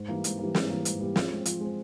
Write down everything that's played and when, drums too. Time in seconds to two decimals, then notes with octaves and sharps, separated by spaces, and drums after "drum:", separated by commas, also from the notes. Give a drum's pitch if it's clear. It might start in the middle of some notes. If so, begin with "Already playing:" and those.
Already playing: G#2
0.08 E3 G3 A#3
0.24 G#2, drum: hi-hat
0.39 E3 G3 A#3
0.55 G#2, drum: snare
0.70 E3 G3 A#3
0.85 G#2, drum: hi-hat
1.00 E3 G3 A#3
1.16 F3, drum: snare
1.31 G#3 C4
1.45 F3, drum: hi-hat
1.61 G#3 C4